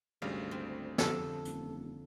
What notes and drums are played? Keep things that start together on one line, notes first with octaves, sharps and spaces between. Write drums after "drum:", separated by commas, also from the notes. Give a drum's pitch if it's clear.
G#1 D2 C#3 G3 F5
C4
F2 D3 A4 A5, drum: snare
D#1, drum: hi-hat